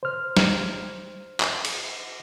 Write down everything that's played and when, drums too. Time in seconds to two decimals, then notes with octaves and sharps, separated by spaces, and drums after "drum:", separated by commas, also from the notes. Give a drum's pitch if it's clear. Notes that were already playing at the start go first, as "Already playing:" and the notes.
0.03 C5 F6
0.37 drum: snare
1.40 drum: clap
1.65 drum: cymbal